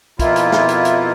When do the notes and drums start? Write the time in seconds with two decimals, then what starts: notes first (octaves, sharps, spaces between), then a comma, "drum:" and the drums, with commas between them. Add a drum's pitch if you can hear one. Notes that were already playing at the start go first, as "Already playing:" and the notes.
0.19 F2 B2 A#3 E4 F4, drum: kick, hi-hat
0.36 drum: hi-hat
0.52 drum: snare
0.69 drum: hi-hat
0.85 drum: hi-hat